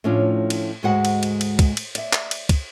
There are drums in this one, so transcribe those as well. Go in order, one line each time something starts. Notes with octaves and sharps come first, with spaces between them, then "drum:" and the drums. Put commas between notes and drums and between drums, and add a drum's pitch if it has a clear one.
A2 F3 C#4 D4 F4
drum: cymbal
D2 G#2 G#3 F#4 F#5
drum: cymbal
drum: cymbal
drum: cymbal
drum: kick, cymbal
drum: cymbal
D5 E5, drum: cymbal
drum: clap
drum: cymbal
drum: kick, cymbal